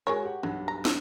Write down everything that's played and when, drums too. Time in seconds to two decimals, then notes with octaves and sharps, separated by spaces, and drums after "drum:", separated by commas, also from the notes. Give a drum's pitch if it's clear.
0.07 G#3 F#4 G#4 A#4 C#5
0.24 G4 F#5
0.43 B1 G2 F#3
0.68 A#5
0.85 drum: snare